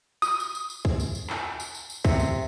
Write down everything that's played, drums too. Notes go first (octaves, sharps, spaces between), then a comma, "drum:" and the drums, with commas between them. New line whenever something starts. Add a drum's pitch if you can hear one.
D#6, drum: tambourine
drum: tambourine
drum: tambourine
drum: tambourine
drum: kick
drum: tambourine
drum: tambourine
drum: clap
drum: tambourine
drum: tambourine
drum: tambourine
C3, drum: kick, tambourine
drum: tambourine